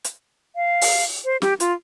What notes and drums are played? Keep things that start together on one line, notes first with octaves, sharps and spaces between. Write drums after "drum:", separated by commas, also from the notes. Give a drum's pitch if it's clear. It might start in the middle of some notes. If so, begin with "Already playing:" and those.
drum: hi-hat
F5
drum: open hi-hat
C5
G4, drum: snare
F4, drum: hi-hat